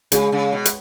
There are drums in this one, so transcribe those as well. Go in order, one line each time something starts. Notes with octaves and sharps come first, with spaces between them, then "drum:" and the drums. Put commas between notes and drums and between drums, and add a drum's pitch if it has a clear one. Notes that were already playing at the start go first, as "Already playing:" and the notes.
C#3 G#3 G#4, drum: hi-hat
C#3
B2
drum: hi-hat